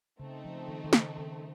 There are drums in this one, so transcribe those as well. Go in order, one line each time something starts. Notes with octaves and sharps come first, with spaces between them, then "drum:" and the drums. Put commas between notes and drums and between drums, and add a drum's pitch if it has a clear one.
C#3 A3 C4 D#4
F3
D#3
D#3
C#3, drum: snare
D#3